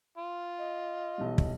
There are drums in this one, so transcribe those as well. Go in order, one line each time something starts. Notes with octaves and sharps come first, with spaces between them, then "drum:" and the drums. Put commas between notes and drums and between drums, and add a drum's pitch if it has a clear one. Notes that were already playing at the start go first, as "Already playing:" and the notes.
F4
D#5
B1 E3 G3
drum: kick